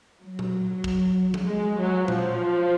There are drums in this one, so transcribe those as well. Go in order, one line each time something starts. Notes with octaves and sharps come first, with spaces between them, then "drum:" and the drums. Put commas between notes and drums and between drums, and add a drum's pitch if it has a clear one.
F#3
drum: tom A#2
drum: kick
drum: tom F3
G#3
F#3
F3, drum: tom A#2